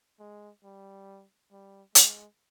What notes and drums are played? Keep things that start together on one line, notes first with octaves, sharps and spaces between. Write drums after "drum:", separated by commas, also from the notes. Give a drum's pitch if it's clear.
G#3
G3
G3
G#3, drum: hi-hat